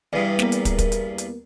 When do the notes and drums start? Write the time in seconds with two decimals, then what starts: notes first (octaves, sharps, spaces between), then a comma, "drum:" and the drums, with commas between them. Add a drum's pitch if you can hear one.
0.13 E2 G2 D5 D#6
0.39 A#3 B3 A#4, drum: snare
0.52 drum: hi-hat
0.65 drum: kick, hi-hat
0.78 drum: kick, hi-hat
0.92 drum: hi-hat
1.18 drum: hi-hat